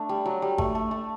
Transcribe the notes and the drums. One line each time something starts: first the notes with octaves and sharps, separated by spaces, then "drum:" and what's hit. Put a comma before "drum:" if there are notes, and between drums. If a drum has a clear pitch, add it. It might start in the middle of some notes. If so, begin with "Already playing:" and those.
Already playing: A3 D4
G3
F#3
G3
A3, drum: kick
A3
A3